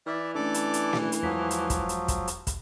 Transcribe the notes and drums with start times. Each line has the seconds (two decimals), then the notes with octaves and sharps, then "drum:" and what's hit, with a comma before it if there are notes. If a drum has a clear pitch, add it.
0.07 E3 D5 E5 F6
0.35 A3 C#4 D4 A4 D5 D6
0.54 drum: hi-hat
0.74 drum: hi-hat
0.93 drum: snare
1.12 drum: hi-hat
1.23 E2 F3 F#3 G#3 B6
1.51 drum: hi-hat
1.70 drum: kick, hi-hat
1.89 drum: hi-hat
2.08 drum: kick, hi-hat
2.28 drum: hi-hat
2.47 drum: kick, hi-hat